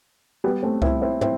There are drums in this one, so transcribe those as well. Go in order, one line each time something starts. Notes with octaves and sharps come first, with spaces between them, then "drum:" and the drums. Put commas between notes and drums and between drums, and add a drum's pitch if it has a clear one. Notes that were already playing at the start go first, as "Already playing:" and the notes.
G3 B3
A3 C4
C4 E4, drum: kick C2
C4 E4
C4 E4, drum: tom